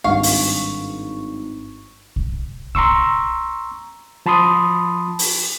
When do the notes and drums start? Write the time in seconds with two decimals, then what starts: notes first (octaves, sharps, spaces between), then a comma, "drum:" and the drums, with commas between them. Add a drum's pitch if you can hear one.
0.04 G#1 G2 F5 C#6
0.23 drum: open hi-hat
2.16 drum: kick
2.75 A#5 C6 C#6 E6, drum: kick
4.26 F3 A5 B5 C6 D#6
5.19 drum: open hi-hat